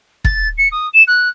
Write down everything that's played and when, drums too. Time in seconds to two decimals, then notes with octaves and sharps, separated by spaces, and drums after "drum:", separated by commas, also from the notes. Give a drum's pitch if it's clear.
0.24 A6, drum: kick E1
0.57 C#7
0.71 D#6
0.93 E7
1.07 F#6